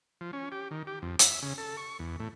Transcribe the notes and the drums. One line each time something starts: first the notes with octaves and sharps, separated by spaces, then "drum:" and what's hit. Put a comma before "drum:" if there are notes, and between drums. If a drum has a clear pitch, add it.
F3
C#4
G4
D#3
G4
F2
E5, drum: hi-hat
C#3
A4
C#6
E2
A2